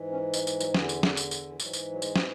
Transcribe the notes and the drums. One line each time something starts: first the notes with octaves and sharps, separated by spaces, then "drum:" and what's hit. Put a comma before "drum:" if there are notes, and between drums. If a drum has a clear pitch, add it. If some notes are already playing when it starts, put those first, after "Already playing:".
Already playing: G#2 E3
C#4
G#3, drum: tambourine
drum: tambourine
F#3, drum: tambourine
E2 D3 E3, drum: snare
drum: tambourine
drum: snare
drum: tambourine
drum: tambourine
E3
G#2 E3 F#3, drum: tambourine
drum: tambourine
F#3
G#3, drum: tambourine
drum: snare